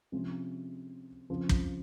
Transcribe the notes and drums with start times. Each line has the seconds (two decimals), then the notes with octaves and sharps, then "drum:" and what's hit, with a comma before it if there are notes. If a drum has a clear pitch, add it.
0.12 C3 F3 G#3 C#4
1.30 F2 C#3 F3
1.49 drum: kick